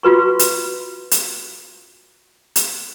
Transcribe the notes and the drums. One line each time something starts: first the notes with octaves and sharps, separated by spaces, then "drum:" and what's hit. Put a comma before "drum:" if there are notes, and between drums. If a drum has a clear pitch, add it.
F4 F#4 B4 C#6
drum: hi-hat
drum: hi-hat
drum: hi-hat